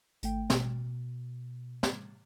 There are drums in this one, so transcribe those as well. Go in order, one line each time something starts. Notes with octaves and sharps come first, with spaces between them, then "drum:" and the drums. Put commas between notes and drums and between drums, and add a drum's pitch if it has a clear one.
G#1 A3 G5, drum: hi-hat
B2, drum: snare
drum: snare